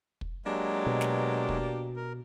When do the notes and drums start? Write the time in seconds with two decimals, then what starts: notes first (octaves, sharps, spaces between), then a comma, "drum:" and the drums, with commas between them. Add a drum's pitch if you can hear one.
0.21 drum: kick
0.46 F#3 G#3 A#3 D4 G4
0.86 B2
1.01 drum: snare
1.49 drum: kick
1.96 A#4